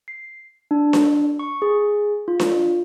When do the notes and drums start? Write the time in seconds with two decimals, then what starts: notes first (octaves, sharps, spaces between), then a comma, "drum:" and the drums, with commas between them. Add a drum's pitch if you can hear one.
0.08 C7
0.71 D4
0.93 drum: snare D4
1.39 C#6
1.62 G#4
2.28 F4
2.40 drum: snare D4